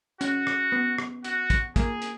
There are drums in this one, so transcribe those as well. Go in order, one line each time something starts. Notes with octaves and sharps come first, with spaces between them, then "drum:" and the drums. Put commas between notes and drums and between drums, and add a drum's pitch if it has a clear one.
C#4 F#4, drum: hi-hat
drum: rim click
B3
drum: rim click
F#4, drum: hi-hat
drum: kick, hi-hat
A#3 G#4, drum: kick, hi-hat
drum: hi-hat